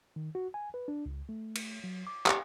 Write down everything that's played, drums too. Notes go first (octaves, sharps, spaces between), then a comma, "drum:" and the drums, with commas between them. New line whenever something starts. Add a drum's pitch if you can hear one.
D#3
F#4
G#5
B4
D4
C#2
A3
drum: cymbal
F#3
D6
G4, drum: clap